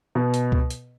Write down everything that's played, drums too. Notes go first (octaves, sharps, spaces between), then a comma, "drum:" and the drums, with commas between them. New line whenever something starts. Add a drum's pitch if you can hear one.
B2
drum: hi-hat
drum: kick C#2
drum: hi-hat